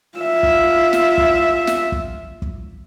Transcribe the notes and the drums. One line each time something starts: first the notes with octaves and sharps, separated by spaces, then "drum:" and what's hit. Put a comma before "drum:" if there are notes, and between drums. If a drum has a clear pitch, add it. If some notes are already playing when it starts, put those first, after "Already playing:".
F4 E5
drum: kick
drum: snare
drum: kick
drum: snare
drum: kick
drum: kick